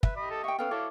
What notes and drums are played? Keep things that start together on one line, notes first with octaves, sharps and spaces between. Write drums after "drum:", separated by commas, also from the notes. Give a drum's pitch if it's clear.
B4 E5, drum: kick
G4 D#5 B5
A4
E5 G5 C#6
B3 C#4 A4 F5 G5
E4 F#4 A4 C#5 D6